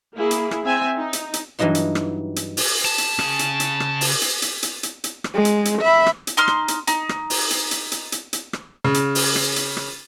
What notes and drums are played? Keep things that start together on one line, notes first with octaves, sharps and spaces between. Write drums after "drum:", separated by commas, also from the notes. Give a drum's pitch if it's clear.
A#3 E4 G#4
drum: hi-hat
drum: rim click
C4 E5 G#5
D#4
drum: hi-hat
drum: hi-hat
G2 E3 F#3 D#4 F4
drum: hi-hat
drum: rim click
drum: hi-hat
drum: open hi-hat
A5
drum: hi-hat
C#3 G#4, drum: rim click
drum: hi-hat
drum: hi-hat
drum: rim click
drum: open hi-hat
drum: hi-hat
drum: hi-hat
drum: hi-hat
drum: hi-hat
drum: hi-hat
drum: rim click
G#3
drum: hi-hat
drum: hi-hat
E5 B5
drum: rim click
drum: hi-hat
D#4 C6 F6
drum: rim click
drum: hi-hat
D#4, drum: hi-hat
drum: rim click
drum: open hi-hat
drum: hi-hat
drum: hi-hat
drum: hi-hat
drum: hi-hat
drum: hi-hat
drum: rim click
C#3
drum: hi-hat
drum: open hi-hat
drum: rim click
drum: hi-hat
drum: rim click